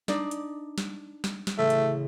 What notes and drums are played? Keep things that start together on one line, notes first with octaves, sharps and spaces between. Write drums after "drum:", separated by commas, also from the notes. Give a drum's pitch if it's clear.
D4 D#4 D5, drum: snare
drum: hi-hat
drum: snare
drum: snare
drum: snare
A1 C#3 E3 A3
drum: hi-hat